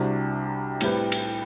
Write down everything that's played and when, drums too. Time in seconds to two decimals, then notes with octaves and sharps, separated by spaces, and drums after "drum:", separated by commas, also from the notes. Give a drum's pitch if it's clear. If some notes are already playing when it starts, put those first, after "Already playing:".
Already playing: C2 C3 G3 D4 F#4
0.81 A2 G3 C4 G4 B4, drum: cymbal
1.12 drum: cymbal